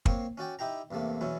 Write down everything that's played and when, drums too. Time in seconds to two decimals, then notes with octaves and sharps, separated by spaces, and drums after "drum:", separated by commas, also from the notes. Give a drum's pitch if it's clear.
0.06 A#3 C4 C#5, drum: kick
0.38 C#4 F#4 D5 G5
0.59 D#4 E4 G4 G5 A#5
0.91 E2 G2 C3 A3 A#3
1.21 E2 B2 F#3 C#4 E4